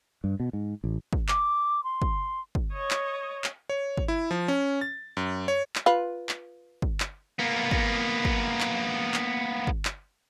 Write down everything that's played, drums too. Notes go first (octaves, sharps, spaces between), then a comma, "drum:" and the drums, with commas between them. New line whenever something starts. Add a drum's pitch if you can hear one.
G2
B2
G#2
A1
drum: kick
D6, drum: clap
C6
drum: kick
drum: kick
C#5 D#5
drum: clap
drum: clap
C#5
drum: kick
E4
F3
C#4
A6
F#2
C#5
drum: clap
F4 B4
drum: clap
drum: kick
drum: clap
A#3 B3
drum: kick
drum: kick
drum: clap
drum: clap
drum: kick
drum: clap